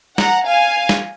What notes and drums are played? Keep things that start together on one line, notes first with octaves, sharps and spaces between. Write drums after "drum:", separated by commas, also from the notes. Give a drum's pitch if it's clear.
F#5 A#5, drum: snare
F5 G#5
drum: snare